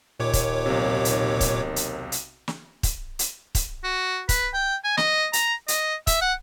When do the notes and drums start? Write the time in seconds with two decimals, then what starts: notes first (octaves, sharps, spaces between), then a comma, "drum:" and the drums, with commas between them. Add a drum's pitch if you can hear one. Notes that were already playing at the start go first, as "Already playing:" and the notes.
0.20 D#2 A#2 C#5 D6
0.33 drum: kick, hi-hat
0.66 B1 C3
1.05 drum: hi-hat
1.41 drum: kick, hi-hat
1.76 drum: hi-hat
2.12 drum: hi-hat
2.48 drum: snare
2.83 drum: kick, hi-hat
3.19 drum: hi-hat
3.55 drum: kick, hi-hat
3.84 F#4
4.29 B4, drum: kick, hi-hat
4.54 G5
4.84 G#5
4.97 D#5, drum: snare
5.33 A#5, drum: hi-hat
5.68 D#5, drum: hi-hat
6.07 E5, drum: kick, hi-hat
6.21 F#5